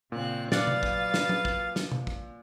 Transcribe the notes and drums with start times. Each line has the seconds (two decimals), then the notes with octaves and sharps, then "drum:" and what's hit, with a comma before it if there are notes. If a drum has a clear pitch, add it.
0.12 A#2 C#3 C4 F#6
0.52 F#3 B4 D5 F5 F#5 A6, drum: snare
0.67 drum: tom C3
0.83 drum: kick
1.14 drum: snare
1.29 drum: tom
1.45 drum: kick
1.76 drum: snare
1.92 drum: tom B2
2.07 drum: kick